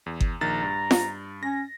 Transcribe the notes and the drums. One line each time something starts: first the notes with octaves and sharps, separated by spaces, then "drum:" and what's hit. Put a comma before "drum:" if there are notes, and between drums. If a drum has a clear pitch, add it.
E2
drum: kick G1
A#1 D#3 A#5 A6
G2
drum: snare F4
C#4 A#6